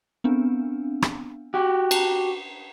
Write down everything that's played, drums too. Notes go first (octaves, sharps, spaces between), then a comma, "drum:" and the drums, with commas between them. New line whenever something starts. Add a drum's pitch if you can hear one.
B3 C4 D4
drum: rim click
F#4 G4
A5 A#5, drum: cymbal